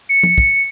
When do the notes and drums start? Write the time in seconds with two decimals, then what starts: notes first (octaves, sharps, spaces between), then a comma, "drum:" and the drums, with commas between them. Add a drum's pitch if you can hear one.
0.09 C#7
0.23 drum: tom
0.38 drum: kick